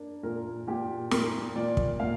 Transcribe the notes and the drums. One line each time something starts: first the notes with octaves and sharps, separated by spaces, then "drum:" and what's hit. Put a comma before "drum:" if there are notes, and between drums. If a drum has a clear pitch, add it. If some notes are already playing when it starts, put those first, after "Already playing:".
Already playing: A#3 D4
A#2 A#4
A#2 G4
A#3 A#4, drum: snare
A#2 D5
drum: kick
A#2 F5